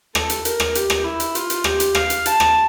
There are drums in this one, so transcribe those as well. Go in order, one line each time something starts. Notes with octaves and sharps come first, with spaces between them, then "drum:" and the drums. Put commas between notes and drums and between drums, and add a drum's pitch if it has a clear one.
A4, drum: rim click
drum: hi-hat
A#4, drum: hi-hat
drum: rim click
G4, drum: hi-hat
drum: rim click
E4
drum: hi-hat
F4, drum: hi-hat
drum: hi-hat
G4, drum: rim click
drum: hi-hat
F5, drum: rim click
drum: hi-hat
A5, drum: hi-hat
drum: rim click